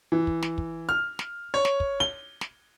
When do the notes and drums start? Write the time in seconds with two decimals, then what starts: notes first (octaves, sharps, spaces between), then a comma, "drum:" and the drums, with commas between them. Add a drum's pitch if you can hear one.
0.12 E3
0.27 drum: kick
0.42 drum: snare
0.58 drum: kick
0.89 F6
1.19 drum: snare
1.54 C#5
1.65 drum: snare
1.80 drum: kick
2.00 G7
2.41 drum: snare